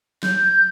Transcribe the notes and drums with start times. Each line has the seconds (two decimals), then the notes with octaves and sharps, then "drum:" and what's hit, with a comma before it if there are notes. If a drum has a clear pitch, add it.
0.23 G6, drum: snare